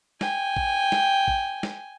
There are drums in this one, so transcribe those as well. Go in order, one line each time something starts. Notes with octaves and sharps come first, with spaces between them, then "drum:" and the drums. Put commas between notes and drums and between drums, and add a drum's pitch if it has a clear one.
G5 G#5, drum: snare
drum: kick A1
drum: snare
drum: kick A1
drum: snare